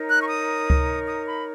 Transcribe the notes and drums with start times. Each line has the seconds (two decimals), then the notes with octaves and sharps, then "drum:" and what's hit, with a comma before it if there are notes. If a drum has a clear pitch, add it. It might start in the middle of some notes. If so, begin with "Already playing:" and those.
Already playing: D#4 A#4 C#5
0.09 F#6
0.22 C#6
0.28 D#6
0.70 drum: kick C#2
1.06 D#6
1.26 B5